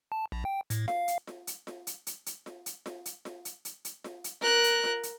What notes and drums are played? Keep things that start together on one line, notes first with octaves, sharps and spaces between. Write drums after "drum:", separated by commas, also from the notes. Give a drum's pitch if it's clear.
A5
A#1
G5
A2, drum: hi-hat
F5, drum: snare F4
drum: hi-hat
drum: snare F4
drum: hi-hat
drum: snare F4
drum: hi-hat
drum: hi-hat
drum: hi-hat
drum: snare F4
drum: hi-hat
drum: snare F4
drum: hi-hat
drum: snare F4
drum: hi-hat
drum: hi-hat
drum: hi-hat
drum: snare F4
drum: hi-hat
A#4 F#6, drum: snare F4
drum: hi-hat
drum: snare F4
drum: hi-hat